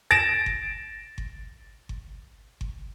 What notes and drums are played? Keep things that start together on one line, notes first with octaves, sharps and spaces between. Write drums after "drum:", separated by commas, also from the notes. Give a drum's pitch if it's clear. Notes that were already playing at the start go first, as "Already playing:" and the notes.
A6 A#6 D7 E7
drum: kick G1
drum: kick G1
drum: kick G1
drum: kick G1